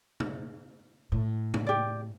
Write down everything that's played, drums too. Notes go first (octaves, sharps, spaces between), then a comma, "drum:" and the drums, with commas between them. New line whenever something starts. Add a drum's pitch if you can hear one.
drum: tom B2
A2
drum: tom B2
G4 D5